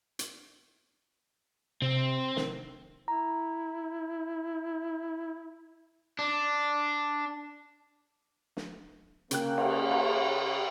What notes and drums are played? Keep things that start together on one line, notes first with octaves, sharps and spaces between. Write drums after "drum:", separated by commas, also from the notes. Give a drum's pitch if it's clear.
drum: hi-hat
C3 C4
D#3, drum: snare
E4 A#5
D4
drum: snare
C#3 A#3 C#4 G5 F#6, drum: hi-hat
drum: cymbal
drum: cymbal